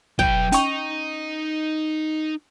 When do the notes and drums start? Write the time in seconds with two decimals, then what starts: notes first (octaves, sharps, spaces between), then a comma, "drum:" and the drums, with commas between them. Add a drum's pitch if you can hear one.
0.19 F#3 B4 G5, drum: kick
0.52 C#4 D#4 C#6, drum: hi-hat